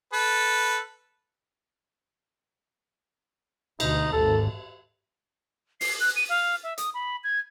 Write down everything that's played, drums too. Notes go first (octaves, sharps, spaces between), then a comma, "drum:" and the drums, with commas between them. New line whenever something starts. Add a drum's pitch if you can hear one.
A4 B4
D2 B2 D#4, drum: cymbal
G#1 D#2 A4
C7, drum: open hi-hat
F#6
D#7
F5
E5
D#6, drum: hi-hat
B5
G#6